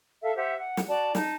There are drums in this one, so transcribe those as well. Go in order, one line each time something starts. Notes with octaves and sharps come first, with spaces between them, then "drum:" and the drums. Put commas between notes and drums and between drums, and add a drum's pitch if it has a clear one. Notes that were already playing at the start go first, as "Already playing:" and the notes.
A4 E5 F5
G4 C5 E5 F#5
F#5
drum: snare
F#4 D5 A5
D#4 A5, drum: snare